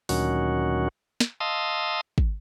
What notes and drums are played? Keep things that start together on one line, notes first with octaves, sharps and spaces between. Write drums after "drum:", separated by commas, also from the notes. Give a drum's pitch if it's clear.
D2 A#2 D#3 F#3 C#4 F#4, drum: open hi-hat
drum: snare
D#5 F5 A5 C6 D#6 E6
drum: kick